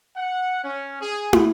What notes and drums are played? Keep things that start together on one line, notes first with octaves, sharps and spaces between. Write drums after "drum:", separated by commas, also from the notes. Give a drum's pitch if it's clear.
F#5
C#4
G#4
drum: tom